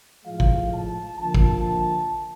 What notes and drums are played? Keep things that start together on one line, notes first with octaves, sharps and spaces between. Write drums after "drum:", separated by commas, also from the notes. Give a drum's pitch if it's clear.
A2 F3 G#3 F5
drum: kick
A5
D3 F3 A#3 A5
drum: kick